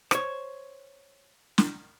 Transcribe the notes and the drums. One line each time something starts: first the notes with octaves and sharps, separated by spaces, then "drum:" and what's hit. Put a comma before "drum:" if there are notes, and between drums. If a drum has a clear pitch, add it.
C5 C#5, drum: rim click
drum: snare